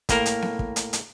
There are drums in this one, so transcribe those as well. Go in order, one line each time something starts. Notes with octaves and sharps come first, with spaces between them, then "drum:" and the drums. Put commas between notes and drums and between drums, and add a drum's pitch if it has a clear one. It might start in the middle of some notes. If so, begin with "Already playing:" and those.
A2 A#3 A#4, drum: kick, hi-hat
drum: hi-hat
drum: snare B3
drum: kick
drum: hi-hat
drum: hi-hat